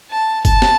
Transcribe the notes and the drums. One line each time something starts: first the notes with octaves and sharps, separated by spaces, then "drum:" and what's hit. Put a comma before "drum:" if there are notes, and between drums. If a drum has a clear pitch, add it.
A5
A5, drum: kick F#1, tambourine
drum: snare